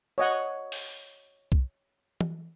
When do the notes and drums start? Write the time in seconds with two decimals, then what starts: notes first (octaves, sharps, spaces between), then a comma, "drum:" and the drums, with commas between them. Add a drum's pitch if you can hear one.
0.18 C#5 D#5 F#5
0.72 drum: open hi-hat
1.52 drum: kick B1
2.21 drum: tom